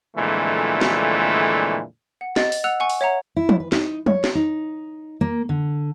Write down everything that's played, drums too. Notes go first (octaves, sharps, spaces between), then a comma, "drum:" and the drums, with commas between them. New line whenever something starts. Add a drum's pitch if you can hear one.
F2 A#2 D3 E3 G#3 A3
drum: snare
F#5
D#5 A6, drum: snare
drum: open hi-hat
F#5 E6 F#6 F7
F#5 G#5 C#6
drum: open hi-hat
C#5 E5 F#5 A#5
E4
drum: tom
B4
D#4, drum: snare
C#5, drum: tom
drum: snare
D#4
A#3
D3